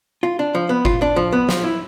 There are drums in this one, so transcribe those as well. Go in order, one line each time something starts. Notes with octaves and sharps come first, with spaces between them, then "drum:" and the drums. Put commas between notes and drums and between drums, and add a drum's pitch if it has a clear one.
F4
D4
F3
B3
F4, drum: kick G1
D4
F3
B3
F3, drum: snare
E4